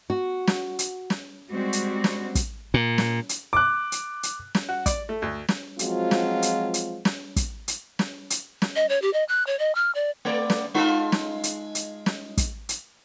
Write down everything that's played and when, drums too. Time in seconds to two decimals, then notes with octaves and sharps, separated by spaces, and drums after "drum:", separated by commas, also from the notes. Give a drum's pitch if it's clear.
0.10 F#4
0.47 drum: snare
0.79 drum: hi-hat
1.10 drum: snare
1.50 G3 G#3 C4 F#4
1.73 drum: hi-hat
2.04 drum: snare
2.35 drum: kick, hi-hat
2.74 A#2
2.98 drum: snare
3.29 drum: hi-hat
3.53 D6 F#6
3.92 drum: hi-hat
4.23 drum: hi-hat
4.55 drum: snare
4.69 F#4
4.86 D5, drum: kick, hi-hat
5.09 A3
5.22 D2
5.48 drum: snare
5.79 F3 F#3 G#3 C4 F4 F#4, drum: hi-hat
6.11 drum: snare
6.42 drum: hi-hat
6.74 drum: hi-hat
7.05 drum: snare
7.36 drum: kick, hi-hat
7.68 drum: hi-hat
7.99 drum: snare
8.30 drum: hi-hat
8.62 drum: snare
8.76 D#5
8.89 C#5
9.02 G4
9.13 D#5
9.29 F#6
9.47 C#5
9.59 D#5
9.75 F6
9.95 D5
10.25 A3 B3 D5
10.50 drum: snare
10.74 G#3 D#4 F4
11.12 drum: snare
11.44 drum: hi-hat
11.75 drum: hi-hat
12.06 drum: snare
12.37 drum: kick, hi-hat
12.69 drum: hi-hat